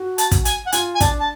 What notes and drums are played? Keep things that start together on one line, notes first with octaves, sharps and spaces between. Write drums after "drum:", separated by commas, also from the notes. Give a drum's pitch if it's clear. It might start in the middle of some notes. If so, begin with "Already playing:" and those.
Already playing: F#4
A5, drum: hi-hat
drum: kick, hi-hat
G#5, drum: hi-hat
F#5
F4 G#5, drum: hi-hat
G#5
D4 A5, drum: kick, hi-hat
A5